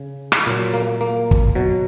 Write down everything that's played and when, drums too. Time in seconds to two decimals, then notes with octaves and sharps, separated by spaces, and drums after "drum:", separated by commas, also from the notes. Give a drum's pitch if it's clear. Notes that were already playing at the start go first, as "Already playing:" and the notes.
Already playing: C#3
0.32 drum: rim click
0.46 A#2 F#3
0.74 A#3
1.01 A#3
1.31 drum: kick
1.55 B2 F#3